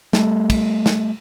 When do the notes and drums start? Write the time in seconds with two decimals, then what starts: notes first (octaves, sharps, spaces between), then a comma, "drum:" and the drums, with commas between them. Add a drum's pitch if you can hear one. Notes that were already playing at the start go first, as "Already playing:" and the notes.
0.13 G3 A3, drum: snare
0.50 drum: kick, cymbal
0.86 drum: snare